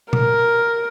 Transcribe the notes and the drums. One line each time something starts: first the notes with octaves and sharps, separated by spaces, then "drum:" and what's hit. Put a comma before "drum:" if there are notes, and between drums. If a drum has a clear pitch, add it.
A#4, drum: tom A#2